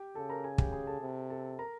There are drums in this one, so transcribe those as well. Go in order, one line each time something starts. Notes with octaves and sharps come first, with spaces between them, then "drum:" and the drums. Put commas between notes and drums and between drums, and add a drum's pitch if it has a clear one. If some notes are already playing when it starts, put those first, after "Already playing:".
Already playing: G4 G5
C#3 A4 A5
A#4 A#5
G#4 G#5
G4 G5, drum: kick
G#4 G#5
A4 A5
C3
A4 A5
A#4 A#5